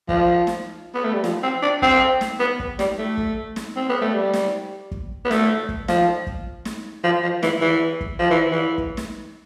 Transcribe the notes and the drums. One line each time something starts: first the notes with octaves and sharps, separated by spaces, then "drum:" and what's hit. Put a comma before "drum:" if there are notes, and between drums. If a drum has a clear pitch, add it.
F3, drum: kick
drum: snare
B3
A3
G3
F3, drum: snare
C4
D4
C4, drum: kick
drum: snare
B3
drum: kick
G3, drum: snare
A3
drum: kick
drum: snare
C4
B3
A3
G3
drum: snare
drum: kick
B3
A3, drum: snare
drum: kick
F3, drum: snare
drum: kick
drum: snare
F3
F3
E3, drum: snare
E3
drum: kick
F3
E3
E3
drum: kick
drum: snare